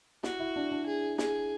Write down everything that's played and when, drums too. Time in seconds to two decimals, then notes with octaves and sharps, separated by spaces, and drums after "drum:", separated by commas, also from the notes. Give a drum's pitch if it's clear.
0.23 E4 F#4, drum: snare
0.40 E4
0.56 D4
0.72 D4
0.86 G#4
1.18 G#4, drum: snare